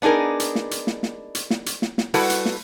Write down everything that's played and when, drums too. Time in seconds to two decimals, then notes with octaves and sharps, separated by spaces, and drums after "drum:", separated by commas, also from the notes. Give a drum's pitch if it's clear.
0.02 B3 D4 D#4 G#4 A#4
0.40 drum: hi-hat
0.55 drum: snare
0.71 drum: hi-hat
0.87 drum: snare
1.03 drum: snare
1.35 drum: hi-hat
1.50 drum: snare
1.66 drum: hi-hat
1.82 drum: snare
1.98 drum: snare
2.14 G3 E4 F#4 A4 B4 F#5, drum: open hi-hat
2.30 drum: hi-hat
2.45 drum: snare